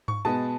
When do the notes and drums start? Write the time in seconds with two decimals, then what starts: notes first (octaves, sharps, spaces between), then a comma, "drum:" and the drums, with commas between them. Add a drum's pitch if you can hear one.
0.08 C#6, drum: tom G#2
0.25 B2 G#3 B3 A5